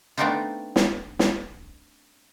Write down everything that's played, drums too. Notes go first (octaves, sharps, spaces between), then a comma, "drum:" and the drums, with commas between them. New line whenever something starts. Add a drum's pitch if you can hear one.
A3 B3 C4 D4 D#4 F4
drum: snare
drum: snare